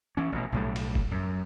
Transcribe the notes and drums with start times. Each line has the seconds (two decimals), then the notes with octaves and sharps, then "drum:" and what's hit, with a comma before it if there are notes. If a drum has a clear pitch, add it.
0.17 E3 C#4
0.32 A1 B2
0.52 B1 A2 G3
0.76 drum: cymbal
0.95 drum: kick
1.11 F#2